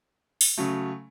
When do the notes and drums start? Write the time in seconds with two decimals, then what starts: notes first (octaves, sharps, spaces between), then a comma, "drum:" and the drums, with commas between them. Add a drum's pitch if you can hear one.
0.41 drum: open hi-hat
0.58 C#3 F#3 A3